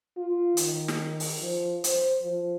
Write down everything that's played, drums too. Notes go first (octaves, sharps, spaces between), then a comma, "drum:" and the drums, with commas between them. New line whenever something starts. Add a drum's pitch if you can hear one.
F4
D#3, drum: hi-hat
drum: snare
drum: open hi-hat
F3
C5, drum: hi-hat
F3